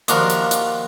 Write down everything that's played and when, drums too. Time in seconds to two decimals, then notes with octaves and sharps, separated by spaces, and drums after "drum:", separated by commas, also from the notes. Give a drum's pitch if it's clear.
0.08 D#2 F3 D4 F#4 A#4, drum: hi-hat
0.30 drum: hi-hat
0.51 drum: hi-hat